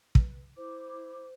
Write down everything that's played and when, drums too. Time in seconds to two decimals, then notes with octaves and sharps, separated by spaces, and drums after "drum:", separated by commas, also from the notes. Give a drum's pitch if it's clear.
0.15 B4, drum: kick
0.57 E4 C5 D6